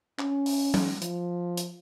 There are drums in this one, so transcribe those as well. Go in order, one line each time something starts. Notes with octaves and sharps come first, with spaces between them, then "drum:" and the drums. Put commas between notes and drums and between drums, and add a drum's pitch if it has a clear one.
C#4, drum: clap
drum: open hi-hat
drum: tom
F3, drum: hi-hat
drum: hi-hat